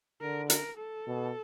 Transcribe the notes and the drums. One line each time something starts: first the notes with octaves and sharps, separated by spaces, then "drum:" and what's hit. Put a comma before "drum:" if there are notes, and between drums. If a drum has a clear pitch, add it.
D3 A#4
A#4, drum: hi-hat
A4
B2